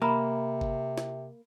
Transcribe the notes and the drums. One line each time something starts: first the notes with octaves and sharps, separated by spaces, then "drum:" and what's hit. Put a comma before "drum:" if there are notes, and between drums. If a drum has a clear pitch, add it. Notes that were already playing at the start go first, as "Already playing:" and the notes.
C3 A#3 A#5 B5
drum: kick
drum: snare